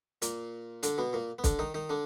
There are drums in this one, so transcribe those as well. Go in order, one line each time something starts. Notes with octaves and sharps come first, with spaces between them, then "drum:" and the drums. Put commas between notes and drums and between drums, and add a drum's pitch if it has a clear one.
A#2 A#3, drum: hi-hat
D3 D4, drum: hi-hat
B2 B3
A#2 A#3
B3
D3 D4, drum: kick, hi-hat
D#3 D#4
D#3 D#4
D3 D4